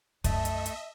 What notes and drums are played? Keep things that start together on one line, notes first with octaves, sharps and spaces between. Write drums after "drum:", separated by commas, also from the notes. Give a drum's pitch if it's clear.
F#2 A3 D#4 D#5 E5, drum: kick C2, hi-hat
drum: hi-hat
drum: hi-hat